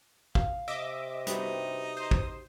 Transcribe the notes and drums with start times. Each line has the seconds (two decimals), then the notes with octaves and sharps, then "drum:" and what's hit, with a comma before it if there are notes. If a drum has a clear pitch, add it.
0.35 F5, drum: kick
0.68 C3 D#5 E5 D6
1.27 G2 D#4 F#4 G4 B4 D#6, drum: hi-hat
1.97 C5
2.11 drum: kick